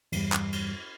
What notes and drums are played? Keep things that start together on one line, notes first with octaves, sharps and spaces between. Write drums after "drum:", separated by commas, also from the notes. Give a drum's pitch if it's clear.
E2 G2 G3, drum: cymbal
drum: clap
drum: cymbal